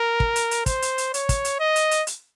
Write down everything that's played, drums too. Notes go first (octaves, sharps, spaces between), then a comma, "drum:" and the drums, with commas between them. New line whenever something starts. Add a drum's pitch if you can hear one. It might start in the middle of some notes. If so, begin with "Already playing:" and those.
Already playing: A#4
drum: kick
drum: hi-hat
drum: hi-hat
C5, drum: kick, hi-hat
drum: hi-hat
drum: hi-hat
C#5, drum: hi-hat
drum: kick, hi-hat
drum: hi-hat
D#5
drum: hi-hat
drum: hi-hat
drum: hi-hat